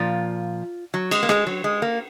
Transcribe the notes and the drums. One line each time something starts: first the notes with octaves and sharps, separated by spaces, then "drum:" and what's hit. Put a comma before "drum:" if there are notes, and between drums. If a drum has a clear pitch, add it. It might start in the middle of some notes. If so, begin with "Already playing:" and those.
Already playing: A#2 F3 F4
F#3
G#3, drum: cymbal
A#3
G#3, drum: rim click
F#3
G#3
A#3